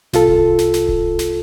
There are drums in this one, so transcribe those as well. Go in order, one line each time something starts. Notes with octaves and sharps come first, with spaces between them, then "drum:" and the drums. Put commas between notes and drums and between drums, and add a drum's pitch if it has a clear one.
C2 F4 A4, drum: snare
drum: kick D1
drum: snare
drum: snare
drum: kick D1
drum: snare